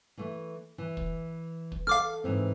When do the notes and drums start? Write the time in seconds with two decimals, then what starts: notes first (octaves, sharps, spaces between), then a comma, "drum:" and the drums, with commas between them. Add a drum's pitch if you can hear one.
0.18 E3 A3
0.78 E3
0.97 drum: kick
1.72 drum: kick
1.87 A4 F5 D6 F6
2.24 G#2 E3 C4